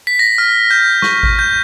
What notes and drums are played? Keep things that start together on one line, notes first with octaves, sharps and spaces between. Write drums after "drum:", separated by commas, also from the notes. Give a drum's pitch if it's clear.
B6
A#6
F6
G6
C#6, drum: snare
drum: kick G#1
G6